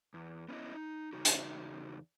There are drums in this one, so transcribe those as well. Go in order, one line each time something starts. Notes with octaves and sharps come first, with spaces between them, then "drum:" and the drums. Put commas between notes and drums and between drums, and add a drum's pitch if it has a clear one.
E2
B3 C#4 E4 D#5
D#4
E2 C#3 D#4 F#4
drum: hi-hat